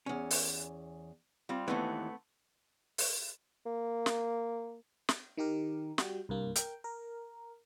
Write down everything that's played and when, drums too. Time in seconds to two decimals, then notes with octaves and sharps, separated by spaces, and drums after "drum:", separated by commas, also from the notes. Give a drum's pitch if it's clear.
0.06 E2 C#4
0.31 drum: open hi-hat
1.49 G3 C4 F4
1.68 D#2 E3 A3 B3 C4
2.98 drum: open hi-hat
3.66 A#3
4.06 drum: snare
5.09 drum: snare
5.37 D#3 D#4 G4 A#4
5.98 G3 F#4 G5, drum: snare
6.29 C2 G2 A#3
6.56 A#4 G5, drum: hi-hat
6.84 A#4